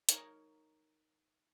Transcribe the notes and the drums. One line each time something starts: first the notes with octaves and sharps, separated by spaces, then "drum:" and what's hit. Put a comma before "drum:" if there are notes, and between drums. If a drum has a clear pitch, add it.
D#4 A#4 C#5, drum: hi-hat